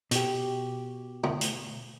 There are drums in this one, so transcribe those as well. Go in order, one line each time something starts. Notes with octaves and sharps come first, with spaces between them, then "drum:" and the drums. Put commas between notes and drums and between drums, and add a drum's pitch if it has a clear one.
B2 G4, drum: hi-hat
drum: tom D3
drum: hi-hat